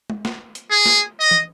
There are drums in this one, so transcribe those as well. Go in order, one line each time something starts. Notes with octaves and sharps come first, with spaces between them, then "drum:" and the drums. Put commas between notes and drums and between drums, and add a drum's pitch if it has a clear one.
drum: tom G#3
drum: snare
drum: hi-hat
G#4
drum: snare
D#5
drum: tom